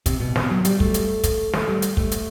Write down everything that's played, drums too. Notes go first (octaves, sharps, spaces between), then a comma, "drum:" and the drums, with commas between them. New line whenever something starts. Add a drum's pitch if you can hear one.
C3, drum: kick, hi-hat
B2
C3, drum: snare
F#3
G3, drum: hi-hat
A3, drum: kick
drum: hi-hat
drum: kick, hi-hat
A3, drum: snare
G3
drum: hi-hat
A3, drum: kick
drum: hi-hat